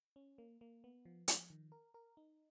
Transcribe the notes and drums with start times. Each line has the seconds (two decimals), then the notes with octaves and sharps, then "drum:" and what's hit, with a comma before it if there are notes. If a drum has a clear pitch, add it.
0.16 C#4
0.38 A#3
0.61 A#3
0.84 B3
1.05 F3
1.28 F3, drum: hi-hat
1.50 D#3
1.72 A#4
1.94 A#4
2.17 D#4